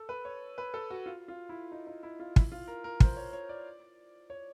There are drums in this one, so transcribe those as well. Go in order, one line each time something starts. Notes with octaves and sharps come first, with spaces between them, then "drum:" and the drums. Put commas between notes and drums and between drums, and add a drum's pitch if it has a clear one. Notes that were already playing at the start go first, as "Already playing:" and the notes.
Already playing: A4
B4
C#5
B4
A4
F#4
F4
F4
E4
D#4
D#4
E4
F4
E4, drum: kick
F4
A#4
A#4
C5, drum: kick
C#5
C#5
D5
C#5